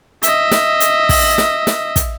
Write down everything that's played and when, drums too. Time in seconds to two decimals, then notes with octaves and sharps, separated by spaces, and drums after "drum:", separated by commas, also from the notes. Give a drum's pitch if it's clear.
0.23 D#5 E5, drum: hi-hat
0.51 drum: snare
0.80 drum: hi-hat
1.09 drum: kick, open hi-hat
1.38 drum: snare
1.67 drum: snare
1.96 drum: kick, hi-hat